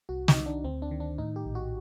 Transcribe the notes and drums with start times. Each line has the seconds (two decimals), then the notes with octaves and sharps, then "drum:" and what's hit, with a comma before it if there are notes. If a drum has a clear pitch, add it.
0.09 C2 F#4
0.28 D#4, drum: snare
0.36 D#3
0.46 D4
0.64 D2 C4
0.82 D4
0.91 D#3
1.00 D4
1.18 A2 D#4
1.36 G4
1.45 A#1
1.55 F#4